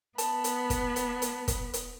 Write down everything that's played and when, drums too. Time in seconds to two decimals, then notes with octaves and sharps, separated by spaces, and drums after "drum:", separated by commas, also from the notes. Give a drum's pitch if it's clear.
0.18 B3 A5 B5, drum: hi-hat
0.44 drum: hi-hat
0.70 drum: kick, hi-hat
0.96 drum: hi-hat
1.22 drum: hi-hat
1.48 drum: kick, hi-hat
1.74 drum: hi-hat